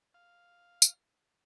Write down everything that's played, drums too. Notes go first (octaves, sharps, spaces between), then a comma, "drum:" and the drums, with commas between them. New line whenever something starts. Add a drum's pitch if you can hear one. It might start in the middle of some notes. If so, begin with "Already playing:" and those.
F5
drum: tambourine